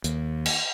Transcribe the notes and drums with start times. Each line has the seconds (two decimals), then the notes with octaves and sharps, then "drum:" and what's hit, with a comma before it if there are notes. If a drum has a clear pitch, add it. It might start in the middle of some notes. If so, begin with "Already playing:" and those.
0.04 D#2, drum: hi-hat
0.46 drum: cymbal